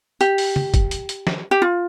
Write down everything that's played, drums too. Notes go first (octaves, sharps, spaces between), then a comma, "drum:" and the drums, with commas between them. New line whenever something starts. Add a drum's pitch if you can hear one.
G4, drum: hi-hat
drum: open hi-hat
drum: tom
drum: kick, hi-hat
drum: hi-hat
drum: hi-hat
drum: snare
G4
F4